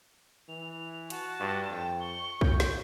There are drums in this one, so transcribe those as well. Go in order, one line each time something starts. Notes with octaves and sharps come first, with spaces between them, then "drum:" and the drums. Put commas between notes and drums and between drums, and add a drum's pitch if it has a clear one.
E3 F7
F#4 A5, drum: hi-hat
G2
F2 G5
C#6 G7
D2 G6, drum: kick B1
drum: snare